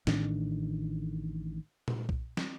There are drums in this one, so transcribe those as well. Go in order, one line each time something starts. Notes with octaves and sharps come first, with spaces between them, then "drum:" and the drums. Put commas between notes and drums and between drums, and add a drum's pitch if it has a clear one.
A1 A2 D#3 D4, drum: snare
drum: tom A#2
drum: kick B1
drum: snare